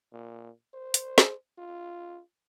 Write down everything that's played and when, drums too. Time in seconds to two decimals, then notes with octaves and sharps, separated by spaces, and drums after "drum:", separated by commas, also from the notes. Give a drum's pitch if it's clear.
0.12 A#2
0.74 C5
0.94 drum: hi-hat
1.18 drum: snare
1.58 F4